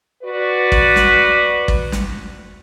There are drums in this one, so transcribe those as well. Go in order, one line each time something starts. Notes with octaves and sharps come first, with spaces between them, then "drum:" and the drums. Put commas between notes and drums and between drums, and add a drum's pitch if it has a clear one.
F#4 B4 D5
drum: kick
drum: snare
drum: kick
drum: snare